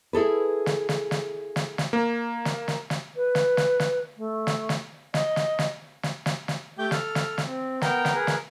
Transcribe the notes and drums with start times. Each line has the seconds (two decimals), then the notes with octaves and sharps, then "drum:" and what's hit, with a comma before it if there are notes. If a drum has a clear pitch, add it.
0.13 E4 G#4 A4 B4
0.66 drum: snare
0.89 drum: snare
1.11 drum: snare
1.56 drum: snare
1.78 drum: snare
1.93 A#3
2.45 drum: snare
2.68 drum: snare
2.90 drum: snare
3.16 B4
3.35 drum: snare
3.57 drum: snare
3.80 drum: snare
4.17 A3
4.47 drum: snare
4.69 drum: snare
5.14 D#5, drum: snare
5.36 drum: snare
5.59 drum: snare
6.03 drum: snare
6.26 drum: snare
6.48 drum: snare
6.78 A3 G4 G5 D6 G6
6.91 A4 F6, drum: snare
7.15 drum: snare
7.38 drum: snare
7.47 C4
7.81 B3 A#4 G5 A#5, drum: snare
8.05 drum: snare
8.14 G#4 A#4 B4
8.27 drum: snare